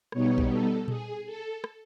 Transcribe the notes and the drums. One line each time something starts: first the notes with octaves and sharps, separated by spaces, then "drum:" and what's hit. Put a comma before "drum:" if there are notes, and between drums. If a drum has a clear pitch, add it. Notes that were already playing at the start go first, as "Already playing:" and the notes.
B2 G3 B3 D#4 C#5, drum: rim click
drum: kick A#1
A4
G#4, drum: tom A#2
A4
drum: rim click